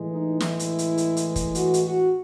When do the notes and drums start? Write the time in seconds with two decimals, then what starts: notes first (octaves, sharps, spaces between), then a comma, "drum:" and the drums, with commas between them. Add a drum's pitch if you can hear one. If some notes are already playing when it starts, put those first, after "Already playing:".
Already playing: A2 E3 G#3
0.12 D#4
0.40 E4, drum: snare
0.59 drum: hi-hat
0.79 drum: hi-hat
0.98 drum: hi-hat
1.17 drum: hi-hat
1.36 drum: kick, hi-hat
1.55 F#4, drum: hi-hat
1.74 drum: hi-hat
1.84 F#4